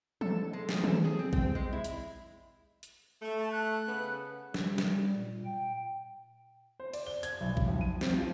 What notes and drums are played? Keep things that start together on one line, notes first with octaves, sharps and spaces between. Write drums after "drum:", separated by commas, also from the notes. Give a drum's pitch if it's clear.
A4, drum: tom E3
G#3
G#4, drum: snare
A4, drum: tom D#3
G#4
C4
C4, drum: kick A#1
G#3
E4
drum: hi-hat
drum: hi-hat
A3
A5
F#6
C#3 B3
G3, drum: snare
drum: snare
A#2
G5
C5
D5, drum: cymbal
G7
G#6, drum: hi-hat
B1
drum: kick A#1
F2
D#7
C4, drum: snare
F3